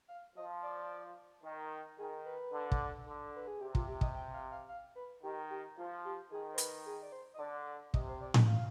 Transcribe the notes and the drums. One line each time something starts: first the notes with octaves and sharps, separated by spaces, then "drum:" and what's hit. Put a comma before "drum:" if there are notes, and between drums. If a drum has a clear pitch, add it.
F5
F3 D#5
D5
D#3
D#3 G#4
B4
D3
drum: kick
D3
B4
G#4
C3 G4
F4, drum: kick
G4
D#5, drum: kick
G5
F5
F5
F5
B4
D#3 G4
G4
F3 F4
G4
D#3 G#4
C5
B4, drum: hi-hat
G#4
D5
C5
D#5
D3 D5
C3 D#5, drum: kick
C5
D5
D#5, drum: tom A2
F5